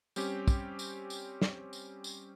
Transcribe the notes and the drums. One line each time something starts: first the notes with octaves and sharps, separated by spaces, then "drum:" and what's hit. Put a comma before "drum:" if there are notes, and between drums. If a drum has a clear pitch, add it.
G3 C4 C#4 G4, drum: tambourine
drum: kick, tambourine
drum: tambourine
drum: tambourine
drum: snare
drum: tambourine
drum: tambourine